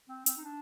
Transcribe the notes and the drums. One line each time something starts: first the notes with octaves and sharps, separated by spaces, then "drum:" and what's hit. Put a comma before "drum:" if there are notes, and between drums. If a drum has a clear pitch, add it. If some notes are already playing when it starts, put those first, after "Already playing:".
C4
C4, drum: hi-hat
D#4
D4